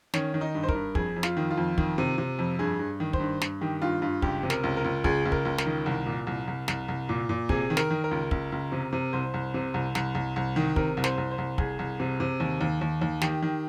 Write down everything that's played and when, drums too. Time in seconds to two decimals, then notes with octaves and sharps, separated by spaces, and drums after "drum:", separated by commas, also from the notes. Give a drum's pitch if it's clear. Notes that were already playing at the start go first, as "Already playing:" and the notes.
0.14 D#3 C#4, drum: snare
0.34 D#3
0.41 D#4
0.55 G2
0.63 C5
0.69 A#4, drum: kick
0.75 G2
0.95 F2 G#4, drum: kick
1.16 F2
1.23 F4, drum: snare
1.37 D#3
1.51 F4
1.57 F2
1.78 D#3, drum: kick
1.98 C3
2.18 C3
2.39 F2
2.59 G2 G#4
2.79 G2
3.00 D#3
3.13 C5, drum: kick
3.20 G2
3.41 G2, drum: snare
3.61 D#3 G4
3.82 G2 F4
4.02 G2 F4
4.22 C#2 G4, drum: kick
4.43 C3
4.50 A#4, drum: snare
4.64 C#2
4.77 A#4
4.84 C#2
5.04 C#2 G#4, drum: kick
5.25 C#2
5.32 A#4, drum: kick
5.45 C#2
5.58 A#4, drum: snare
5.66 D#3
5.86 C2
6.06 A#2
6.27 C2
6.48 C2
6.68 C2, drum: snare
6.88 C2
7.09 A#2
7.29 A#2
7.49 C3 G#4, drum: kick
7.70 D#3
7.77 A#4, drum: snare
7.91 D#3
8.04 A#4
8.11 C#2
8.31 C#2, drum: kick
8.52 C#2
8.72 C3
8.93 C3
9.13 C2 C5
9.34 C2
9.54 C3
9.74 C2
9.95 C2, drum: snare
10.15 C2
10.36 C2
10.56 D#3
10.76 C3 A#4, drum: kick
10.97 C2
11.04 C5, drum: snare
11.18 C2
11.31 C5
11.38 C2
11.58 C2 G#4, drum: kick
11.79 C2
12.00 C3
12.20 C3
12.40 D#2
12.61 D#2
12.81 D#2
13.01 D#2
13.21 D#3 G4, drum: snare
13.42 D#3